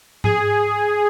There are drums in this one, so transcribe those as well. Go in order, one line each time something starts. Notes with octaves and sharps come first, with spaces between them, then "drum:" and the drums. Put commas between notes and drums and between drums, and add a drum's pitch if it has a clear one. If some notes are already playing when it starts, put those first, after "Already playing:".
G#4, drum: tom G#2